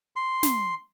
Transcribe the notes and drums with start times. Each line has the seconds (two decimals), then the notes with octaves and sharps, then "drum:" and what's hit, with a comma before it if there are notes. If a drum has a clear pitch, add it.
0.16 C6
0.43 drum: snare